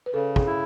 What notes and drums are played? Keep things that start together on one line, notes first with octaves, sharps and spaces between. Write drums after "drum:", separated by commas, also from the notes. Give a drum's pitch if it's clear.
B4
C#3 A4
G#4, drum: kick
E4